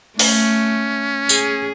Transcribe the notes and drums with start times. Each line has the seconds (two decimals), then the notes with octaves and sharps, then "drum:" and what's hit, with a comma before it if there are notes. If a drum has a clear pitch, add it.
0.19 A3 C#4, drum: open hi-hat
1.29 G#4, drum: tambourine